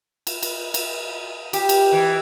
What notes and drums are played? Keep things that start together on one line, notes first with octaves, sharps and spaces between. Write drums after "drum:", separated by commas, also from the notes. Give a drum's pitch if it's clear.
drum: cymbal
drum: cymbal
drum: cymbal
G4, drum: cymbal
drum: cymbal
E3